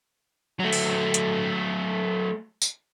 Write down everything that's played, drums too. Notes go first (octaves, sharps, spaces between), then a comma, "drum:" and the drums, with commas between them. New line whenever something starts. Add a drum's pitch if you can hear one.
F#3 A3
drum: open hi-hat
drum: hi-hat
drum: tambourine